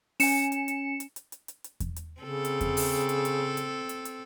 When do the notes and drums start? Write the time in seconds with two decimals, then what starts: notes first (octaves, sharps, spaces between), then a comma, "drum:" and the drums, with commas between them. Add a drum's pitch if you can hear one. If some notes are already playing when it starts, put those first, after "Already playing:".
0.20 C#4 G#5 C#7 E7, drum: open hi-hat
0.52 drum: hi-hat
0.68 drum: hi-hat
1.00 drum: hi-hat
1.16 drum: hi-hat
1.32 drum: hi-hat
1.48 drum: hi-hat
1.64 drum: hi-hat
1.80 drum: kick E2, hi-hat
1.96 drum: hi-hat
2.21 C#3 C4 A4
2.45 drum: hi-hat
2.61 drum: kick E2, hi-hat
2.77 drum: open hi-hat
3.09 drum: hi-hat
3.25 drum: hi-hat
3.57 drum: hi-hat
3.89 drum: hi-hat
4.05 drum: hi-hat